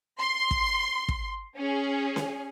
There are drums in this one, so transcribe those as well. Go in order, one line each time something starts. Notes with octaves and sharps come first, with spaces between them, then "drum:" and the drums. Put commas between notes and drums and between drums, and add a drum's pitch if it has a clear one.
C6
drum: kick
drum: kick
C#4 G#4
drum: snare C#4